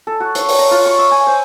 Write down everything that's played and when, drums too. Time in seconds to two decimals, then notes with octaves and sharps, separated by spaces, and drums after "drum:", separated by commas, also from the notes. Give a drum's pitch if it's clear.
0.07 A4
0.20 F#4
0.35 C#5, drum: hi-hat
0.49 drum: open hi-hat
0.59 A#5
0.71 F4
0.86 C#6
0.98 E5
1.11 G#5
1.27 C5